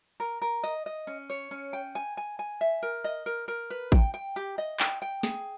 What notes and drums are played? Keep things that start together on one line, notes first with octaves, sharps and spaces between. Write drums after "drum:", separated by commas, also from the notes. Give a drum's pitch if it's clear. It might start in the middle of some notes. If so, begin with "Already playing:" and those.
A#4
A#4
D#5, drum: tambourine
D#5
C#4
C#5
C#4
G5
G#5
G#5
G#5
E5
A#4
D#5
A#4
A#4
B4
G5, drum: kick A1
G5
G4
D#5
G5, drum: clap
G5
G#4, drum: snare